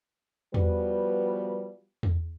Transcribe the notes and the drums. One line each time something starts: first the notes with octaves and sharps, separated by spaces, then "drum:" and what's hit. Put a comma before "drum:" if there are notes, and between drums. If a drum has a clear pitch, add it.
F3 G3 B3 F#4 B4, drum: tom E2
drum: tom E2